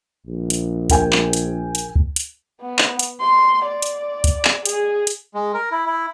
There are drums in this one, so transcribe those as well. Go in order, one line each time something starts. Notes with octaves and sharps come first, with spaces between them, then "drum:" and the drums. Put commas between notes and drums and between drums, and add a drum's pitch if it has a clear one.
A#1
drum: hi-hat
A#4 G5 G#5, drum: kick, hi-hat
drum: clap
drum: hi-hat
drum: hi-hat
drum: kick
drum: hi-hat
B3
drum: clap
drum: hi-hat
C6
D5
drum: hi-hat
drum: kick, hi-hat
drum: clap
G#4, drum: hi-hat
drum: hi-hat
G#3
A#4
E4
E4